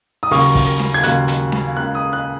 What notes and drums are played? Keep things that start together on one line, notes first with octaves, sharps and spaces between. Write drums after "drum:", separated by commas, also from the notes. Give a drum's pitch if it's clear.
D#6
D#2 C#3 F#3 A#3 C#6, drum: open hi-hat
drum: kick, open hi-hat
drum: snare C#4
G#6
D#2 C#3 F#3 A#3 F#6, drum: hi-hat
drum: hi-hat
drum: snare C#4
C#2 C#3 A#3 F#6
D#6
F#6